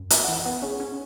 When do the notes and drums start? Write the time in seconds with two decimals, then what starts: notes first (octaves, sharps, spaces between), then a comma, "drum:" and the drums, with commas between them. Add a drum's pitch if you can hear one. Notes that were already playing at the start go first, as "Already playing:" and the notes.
Already playing: F#2
0.10 E3 E5, drum: hi-hat
0.24 F#5
0.28 E3
0.37 F#5
0.46 B3
0.62 C#4 G#4
0.80 C#4